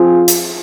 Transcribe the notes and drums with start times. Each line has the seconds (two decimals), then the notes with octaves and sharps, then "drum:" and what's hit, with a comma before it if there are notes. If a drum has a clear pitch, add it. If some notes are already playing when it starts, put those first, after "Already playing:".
Already playing: F3 C4 F4 G#4
0.28 drum: hi-hat